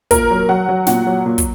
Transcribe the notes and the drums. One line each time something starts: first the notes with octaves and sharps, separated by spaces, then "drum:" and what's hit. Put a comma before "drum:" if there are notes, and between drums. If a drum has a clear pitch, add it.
A#2 A#4, drum: kick, hi-hat
F#3
F#3 F#5
F#3
A#2 F#5, drum: snare
F#3
A#2
drum: kick, hi-hat